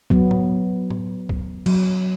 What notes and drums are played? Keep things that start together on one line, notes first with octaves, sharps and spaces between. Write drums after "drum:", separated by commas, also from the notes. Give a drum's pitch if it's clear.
F#3 B3, drum: kick
drum: tom A2
drum: tom A2
drum: kick
F#3, drum: cymbal